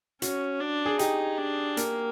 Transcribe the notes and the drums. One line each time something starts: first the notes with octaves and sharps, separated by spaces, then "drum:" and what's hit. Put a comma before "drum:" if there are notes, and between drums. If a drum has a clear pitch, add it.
C#4 F#4, drum: hi-hat
D4
G#4
D#4 G4, drum: hi-hat
D4
A#3, drum: hi-hat